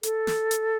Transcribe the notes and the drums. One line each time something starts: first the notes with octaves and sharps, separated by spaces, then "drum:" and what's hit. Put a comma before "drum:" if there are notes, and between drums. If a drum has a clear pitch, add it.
A4, drum: hi-hat
drum: snare
drum: hi-hat